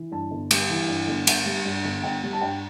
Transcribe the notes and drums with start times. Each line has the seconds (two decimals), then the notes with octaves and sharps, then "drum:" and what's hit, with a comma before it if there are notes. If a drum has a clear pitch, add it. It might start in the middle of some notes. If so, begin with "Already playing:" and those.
Already playing: E3
0.11 G2 A5
0.31 G1
0.51 G3, drum: cymbal
0.69 E3
0.88 G2
1.08 G1
1.27 G1, drum: cymbal
1.46 G3
1.65 G2
1.85 G1
2.04 G1 G5
2.23 G3
2.33 A5
2.41 G2 G5